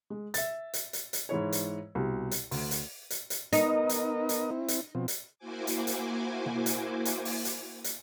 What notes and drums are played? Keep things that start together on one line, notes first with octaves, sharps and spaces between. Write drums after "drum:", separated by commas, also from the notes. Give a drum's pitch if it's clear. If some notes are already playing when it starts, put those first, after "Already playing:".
G#3
E5 A6, drum: hi-hat
drum: hi-hat
drum: hi-hat
drum: hi-hat
G#2 E3 E4 C#5
drum: hi-hat
C2 B2
drum: hi-hat
D2, drum: open hi-hat
drum: hi-hat
drum: hi-hat
drum: hi-hat
B3 D#4 A#4 D#5, drum: hi-hat
drum: hi-hat
drum: hi-hat
C4 E4
drum: hi-hat
B2 F3 C4
drum: hi-hat
A#3 E4 F#4 C5 G#5 D6
drum: hi-hat
drum: hi-hat
drum: tom B2
drum: hi-hat
drum: hi-hat
drum: open hi-hat
drum: hi-hat
drum: hi-hat